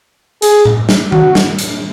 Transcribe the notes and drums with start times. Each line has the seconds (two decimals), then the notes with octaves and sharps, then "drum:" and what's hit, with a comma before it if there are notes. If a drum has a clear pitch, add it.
0.42 G#4, drum: hi-hat
0.65 drum: tom A2
0.89 drum: snare
1.12 F#4, drum: tom D#3
1.35 drum: snare
1.59 drum: hi-hat